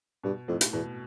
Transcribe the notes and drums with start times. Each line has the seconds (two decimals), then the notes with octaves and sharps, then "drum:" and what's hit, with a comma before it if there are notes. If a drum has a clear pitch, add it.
0.23 G2 B2
0.48 F2 A2
0.61 drum: hi-hat
0.73 E2 B2